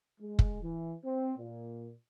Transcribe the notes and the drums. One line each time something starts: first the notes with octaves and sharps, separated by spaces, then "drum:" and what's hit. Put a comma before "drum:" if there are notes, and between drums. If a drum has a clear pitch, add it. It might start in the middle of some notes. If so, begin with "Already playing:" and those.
G#3
drum: kick
E3
C4
A#2